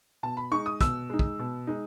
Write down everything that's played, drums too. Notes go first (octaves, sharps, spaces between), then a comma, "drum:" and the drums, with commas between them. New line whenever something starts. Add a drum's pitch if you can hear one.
B2 A5
B5
G#3 D#4 C#6
D#6
B2 E6, drum: kick, hi-hat
G#3 D#4
drum: kick
B2
G#3 D#4